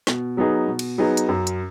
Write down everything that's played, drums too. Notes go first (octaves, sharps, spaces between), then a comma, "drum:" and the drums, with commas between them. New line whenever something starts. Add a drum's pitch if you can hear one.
B2, drum: snare
F#3 B3 D#4 G#4
B2
drum: cymbal
F#3 B3 D#4 G#4
drum: hi-hat
F#2
drum: hi-hat